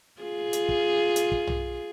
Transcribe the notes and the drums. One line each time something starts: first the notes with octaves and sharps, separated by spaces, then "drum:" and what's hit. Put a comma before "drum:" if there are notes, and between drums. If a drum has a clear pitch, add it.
F4 G#4
drum: hi-hat
drum: kick
drum: hi-hat
drum: kick
drum: tom